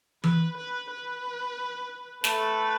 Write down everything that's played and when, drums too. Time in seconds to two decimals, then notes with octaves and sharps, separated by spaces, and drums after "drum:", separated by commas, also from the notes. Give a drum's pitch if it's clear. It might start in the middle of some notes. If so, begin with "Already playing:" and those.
0.24 B4, drum: tom E3
0.57 B4
0.90 B4
2.24 A3 B4, drum: snare